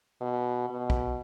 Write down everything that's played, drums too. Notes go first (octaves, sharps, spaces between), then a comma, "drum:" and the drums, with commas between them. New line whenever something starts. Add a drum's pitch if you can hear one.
B2
B2
drum: kick